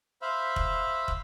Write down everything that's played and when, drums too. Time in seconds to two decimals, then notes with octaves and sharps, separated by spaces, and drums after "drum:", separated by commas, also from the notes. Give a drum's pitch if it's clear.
0.22 C5 E5 F5 B5
0.56 drum: kick
1.08 drum: kick